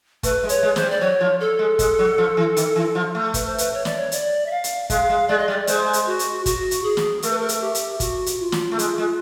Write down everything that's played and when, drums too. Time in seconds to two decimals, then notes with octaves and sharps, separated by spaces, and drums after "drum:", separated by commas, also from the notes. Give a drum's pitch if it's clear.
0.23 A3 B4, drum: kick, hi-hat
0.44 G#3
0.49 C#5, drum: hi-hat
0.63 G#3
0.76 C5, drum: snare
0.82 G3
0.90 D5
1.01 F#3 C#5
1.21 F3
1.40 A4
1.59 G#3
1.79 G#3, drum: kick, hi-hat
1.99 F#3
2.18 F3
2.37 E3
2.57 D#3, drum: hi-hat
2.76 E3
2.95 F3
3.15 A3
3.34 B4, drum: kick, hi-hat
3.46 C5
3.58 B4, drum: hi-hat
3.74 C#5
3.85 D5, drum: snare
3.96 C#5
4.12 D5, drum: hi-hat
4.46 E5
4.51 F5
4.64 drum: hi-hat
4.90 G#3 F5, drum: kick, hi-hat
5.09 G#3
5.28 G#3 D5
5.38 D#5
5.48 G3 D5
5.67 G#3 C5, drum: hi-hat
5.93 drum: hi-hat
6.07 F#4
6.19 drum: hi-hat
6.46 F#4, drum: kick, hi-hat
6.71 drum: hi-hat
6.84 G#4
6.97 drum: snare
7.22 A3 A#4, drum: hi-hat
7.31 B4
7.39 A#4
7.49 drum: hi-hat
7.61 G4
7.75 drum: hi-hat
8.00 F#4, drum: kick, hi-hat
8.26 drum: hi-hat
8.40 F4
8.52 drum: snare
8.72 A3
8.79 G#3, drum: hi-hat
8.98 G#3